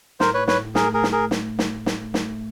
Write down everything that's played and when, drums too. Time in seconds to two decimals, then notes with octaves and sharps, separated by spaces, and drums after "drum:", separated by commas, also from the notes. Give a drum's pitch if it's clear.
0.20 A2 A#4 C5, drum: snare
0.34 B4 C#5
0.48 A2 B4 C#5, drum: snare
0.75 A3 G#4 A#4, drum: snare
0.94 G#4 A#4
1.03 A2, drum: snare
1.12 G#4 A#4
1.31 drum: snare
1.59 drum: snare
1.86 drum: snare
2.14 drum: snare